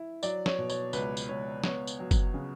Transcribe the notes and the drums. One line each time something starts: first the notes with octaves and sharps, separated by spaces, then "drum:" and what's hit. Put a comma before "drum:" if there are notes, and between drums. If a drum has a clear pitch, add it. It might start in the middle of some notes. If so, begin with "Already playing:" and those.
Already playing: E4
F#3 D5, drum: tambourine
C#5, drum: snare
B2
C#5, drum: tambourine
C#2 B4, drum: tambourine
drum: tambourine
C#2 C#5
B3 C#5, drum: snare
drum: tambourine
F#3
drum: kick, tambourine
C#3